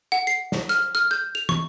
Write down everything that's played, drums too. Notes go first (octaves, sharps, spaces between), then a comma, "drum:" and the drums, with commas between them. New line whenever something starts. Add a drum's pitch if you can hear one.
F#5
C7
drum: snare
F6, drum: hi-hat
F6
G6
F7
C#6, drum: tom